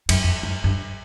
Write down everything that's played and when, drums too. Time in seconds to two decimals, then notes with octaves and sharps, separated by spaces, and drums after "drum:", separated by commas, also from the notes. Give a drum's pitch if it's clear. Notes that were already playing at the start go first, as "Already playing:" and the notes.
0.09 F#2, drum: cymbal
0.24 F2
0.43 F#2
0.64 G2